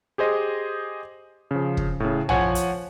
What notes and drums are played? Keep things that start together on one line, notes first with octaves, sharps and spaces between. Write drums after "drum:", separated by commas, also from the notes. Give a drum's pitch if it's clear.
G4 G#4 C5 D#5
C#3 F3
drum: kick
A2 C#3
F3 C#5 F#5 G#5, drum: tom
drum: hi-hat